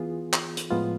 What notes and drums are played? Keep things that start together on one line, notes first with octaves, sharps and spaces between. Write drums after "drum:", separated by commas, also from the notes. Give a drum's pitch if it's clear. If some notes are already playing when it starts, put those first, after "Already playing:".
Already playing: E3 B3 F4 G#4
drum: clap
drum: hi-hat
A2 F3 G#3 B3 F4